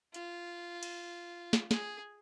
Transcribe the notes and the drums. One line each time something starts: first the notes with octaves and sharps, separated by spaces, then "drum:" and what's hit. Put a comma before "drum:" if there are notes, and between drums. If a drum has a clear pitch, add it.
F4, drum: hi-hat
drum: cymbal
drum: snare
G#4, drum: snare